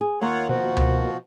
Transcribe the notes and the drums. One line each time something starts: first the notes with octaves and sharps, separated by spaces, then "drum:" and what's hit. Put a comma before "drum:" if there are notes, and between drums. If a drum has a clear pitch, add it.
G#4
D#2 A#3 F4 A#4 C#5 F#5
B2 F3 F#4 C5 F#5
drum: tom C#2